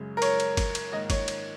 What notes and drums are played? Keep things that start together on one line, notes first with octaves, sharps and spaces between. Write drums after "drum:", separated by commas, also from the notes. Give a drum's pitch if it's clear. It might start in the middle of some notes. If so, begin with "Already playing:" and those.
Already playing: F#2 C#3 G#3
A#4
C#5, drum: cymbal
drum: cymbal
drum: kick, cymbal
drum: cymbal
G#2 D#3 A#3 D#5
C#5, drum: kick, cymbal
drum: cymbal